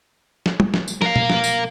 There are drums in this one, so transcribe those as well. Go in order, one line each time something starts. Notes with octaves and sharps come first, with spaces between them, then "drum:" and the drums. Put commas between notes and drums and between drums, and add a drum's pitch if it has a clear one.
drum: snare
drum: tom
drum: snare
drum: tambourine
A#4 F5, drum: snare
drum: tom
drum: snare
drum: tambourine